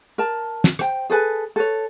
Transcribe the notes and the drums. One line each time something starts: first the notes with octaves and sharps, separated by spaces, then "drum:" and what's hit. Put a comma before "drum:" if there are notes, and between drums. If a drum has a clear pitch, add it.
A#4 A5
drum: snare
C5 G5, drum: rim click
G#4 A4 B4 G#5
A4 B4 C#5